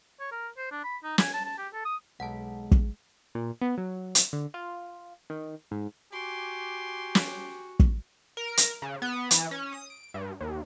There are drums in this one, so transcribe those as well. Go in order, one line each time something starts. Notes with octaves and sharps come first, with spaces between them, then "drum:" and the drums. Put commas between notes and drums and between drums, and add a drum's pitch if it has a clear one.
C#5
A#4
C5
D4
B5
D#4
G#5, drum: snare
A5
A5
G4
A4
D#6
B1 G#3 F#5 A5
drum: kick
A#2
B3
F#3
drum: hi-hat
D3
F4
D#3
G#2
F#4 G4 G#5 C6 D6
drum: snare
drum: kick
A#4
drum: hi-hat
C#3
B3
E3, drum: hi-hat
C#4
D#6
D7
G2
D#2